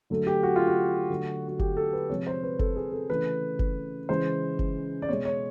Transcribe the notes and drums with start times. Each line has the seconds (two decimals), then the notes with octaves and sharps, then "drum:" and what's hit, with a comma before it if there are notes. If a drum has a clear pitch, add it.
0.10 D3 F#3 A3
0.27 G4
0.43 F#4
0.56 F4
0.67 F#4
1.10 D3 F#3 A3
1.48 F#4
1.59 G4, drum: kick F#1
1.77 A4
1.93 B4
2.09 C3 F3 G#3 C#5
2.27 C5
2.43 B4
2.59 A4, drum: kick F#1
2.76 G#4
2.93 A4
3.09 C#3 E3 A3 B4
3.59 drum: kick F#1
4.09 C#3 E3 G#3 C5
4.59 drum: kick F#1
5.02 D5
5.09 B2 G#3 C#5
5.25 C#5